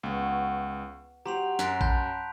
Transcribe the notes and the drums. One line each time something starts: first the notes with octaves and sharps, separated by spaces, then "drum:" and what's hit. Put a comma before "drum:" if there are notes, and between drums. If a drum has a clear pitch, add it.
C#2 B3 C#5
F#3 G4 C5 A#5 C6 F7
F#2 F#6 B6 D7, drum: snare
A5 B5 G6, drum: kick A1